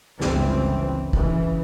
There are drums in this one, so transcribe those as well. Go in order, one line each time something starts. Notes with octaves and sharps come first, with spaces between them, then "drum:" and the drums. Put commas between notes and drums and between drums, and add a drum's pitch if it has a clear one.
G1 C#2 E3 C4, drum: snare
C#3 E3, drum: kick